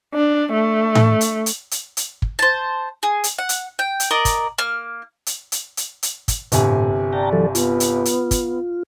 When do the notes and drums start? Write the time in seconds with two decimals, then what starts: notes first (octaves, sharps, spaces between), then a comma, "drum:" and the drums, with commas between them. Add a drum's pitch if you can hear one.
0.14 D4
0.52 A3
0.95 drum: tom A2
1.21 drum: hi-hat
1.46 drum: hi-hat
1.71 drum: hi-hat
1.97 drum: hi-hat
2.22 drum: kick
2.39 C5 A5
3.03 G#4
3.24 drum: hi-hat
3.38 F#5
3.49 drum: hi-hat
3.79 G5
4.00 drum: hi-hat
4.11 A#4 D5 D#5
4.25 drum: kick, hi-hat
4.58 A#3 F6
5.26 drum: hi-hat
5.52 drum: hi-hat
5.77 drum: hi-hat
6.03 drum: hi-hat
6.28 drum: kick, hi-hat
6.52 G1 A2 C3 G#5, drum: hi-hat
7.13 D5 G5 A5 A#5
7.32 E3 F#3 A4
7.55 B3 F4, drum: hi-hat
7.80 drum: hi-hat
8.05 drum: hi-hat
8.31 drum: kick, hi-hat